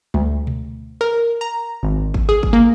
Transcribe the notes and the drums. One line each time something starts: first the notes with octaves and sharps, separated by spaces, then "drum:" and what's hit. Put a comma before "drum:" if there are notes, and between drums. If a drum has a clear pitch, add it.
D2, drum: tom G3
drum: tom B2
A#4
A#5
G#1
drum: kick
G#4
drum: kick
A#3